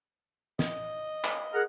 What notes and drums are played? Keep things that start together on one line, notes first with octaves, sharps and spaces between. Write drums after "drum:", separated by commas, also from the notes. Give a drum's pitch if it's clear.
D#5, drum: snare
drum: clap
G#4 A#4 F#5